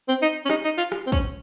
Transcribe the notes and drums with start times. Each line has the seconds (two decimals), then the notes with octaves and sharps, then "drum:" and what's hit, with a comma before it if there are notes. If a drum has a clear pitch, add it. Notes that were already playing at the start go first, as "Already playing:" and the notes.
0.08 C4
0.22 D#4
0.45 C#4
0.49 D#4, drum: rim click
0.64 D#4
0.77 F4
0.92 drum: rim click
1.07 C4
1.12 C#4, drum: kick, hi-hat